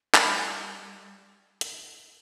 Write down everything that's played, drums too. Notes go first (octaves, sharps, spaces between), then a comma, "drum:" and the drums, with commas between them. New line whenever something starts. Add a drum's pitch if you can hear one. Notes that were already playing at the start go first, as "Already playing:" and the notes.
G#3, drum: clap
G3
drum: hi-hat